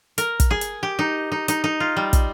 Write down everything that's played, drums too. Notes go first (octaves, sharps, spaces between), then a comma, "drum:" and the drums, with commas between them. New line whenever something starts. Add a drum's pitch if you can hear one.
A#4, drum: hi-hat
drum: kick, hi-hat
G#4
drum: hi-hat
G4
D#4
D#4
D#4, drum: hi-hat
D#4
F4
G3
drum: kick, hi-hat